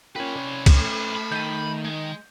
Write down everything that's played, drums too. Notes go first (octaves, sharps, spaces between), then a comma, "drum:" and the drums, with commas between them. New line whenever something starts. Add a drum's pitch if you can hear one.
C#4 F4 A#4 B4 C#5 G5
C3 D5
drum: kick C#2, cymbal
A3
B5
D#3 G6 D#7
G#3